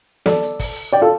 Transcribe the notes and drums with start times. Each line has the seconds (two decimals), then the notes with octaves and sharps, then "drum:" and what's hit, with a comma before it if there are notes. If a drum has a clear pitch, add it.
0.26 A4 D5, drum: snare
0.43 drum: hi-hat
0.59 drum: kick, open hi-hat
0.76 drum: hi-hat
0.92 D5 G5
1.01 F4 A4